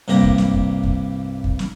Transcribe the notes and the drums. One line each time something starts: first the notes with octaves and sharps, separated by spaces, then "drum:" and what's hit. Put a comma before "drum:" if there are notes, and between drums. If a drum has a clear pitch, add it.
C2 G2 A#3 G4 A#5
drum: kick
drum: snare
drum: kick
drum: kick
drum: kick
drum: snare